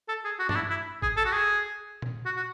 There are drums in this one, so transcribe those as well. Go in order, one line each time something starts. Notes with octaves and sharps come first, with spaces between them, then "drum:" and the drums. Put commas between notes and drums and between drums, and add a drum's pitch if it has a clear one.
A4
G#4
F#4
D4, drum: tom G2
E4
E4
G#4, drum: kick G#1
A4
F#4
G#4
drum: tom A#2
F#4
F#4